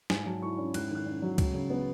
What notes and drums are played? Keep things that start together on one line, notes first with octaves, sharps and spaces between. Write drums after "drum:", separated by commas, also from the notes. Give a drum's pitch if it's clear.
G#2 G#5, drum: snare
F#3 A5
E4 C#6
C#4
G#2 F#6, drum: cymbal
D#3 F#6
C#4
F#3
C#2, drum: kick, cymbal
C#3
B3